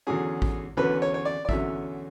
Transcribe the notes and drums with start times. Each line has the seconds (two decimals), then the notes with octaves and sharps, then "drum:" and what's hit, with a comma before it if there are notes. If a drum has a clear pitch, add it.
0.07 E2 D3 F#3 C#4 G#4
0.42 drum: kick A1
0.77 E2 D3 F#3 C#4 B4
1.02 C#5
1.14 C#5
1.25 D5
1.45 D5
1.49 E2 D3 F#3 C#4 E5, drum: kick A1